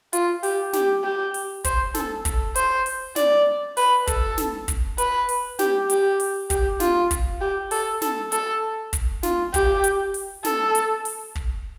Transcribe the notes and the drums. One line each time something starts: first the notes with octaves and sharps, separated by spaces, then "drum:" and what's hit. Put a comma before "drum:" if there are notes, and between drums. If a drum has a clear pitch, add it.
F4, drum: hi-hat
G4, drum: open hi-hat
G4, drum: snare
G4
drum: open hi-hat
C5, drum: kick, hi-hat
A4, drum: snare
A4, drum: kick, hi-hat
C5, drum: hi-hat
drum: open hi-hat
D5, drum: snare
B4, drum: open hi-hat
A4, drum: kick, hi-hat
drum: snare
drum: kick, hi-hat
B4, drum: hi-hat
drum: open hi-hat
G4, drum: snare
G4, drum: hi-hat
drum: open hi-hat
G4, drum: kick, hi-hat
F4, drum: snare
drum: kick, hi-hat
G4
A4, drum: open hi-hat
A4, drum: snare
A4, drum: hi-hat
drum: kick, hi-hat
F4, drum: snare
G4, drum: kick, hi-hat
drum: hi-hat
drum: open hi-hat
A4, drum: snare
drum: hi-hat
drum: open hi-hat
drum: kick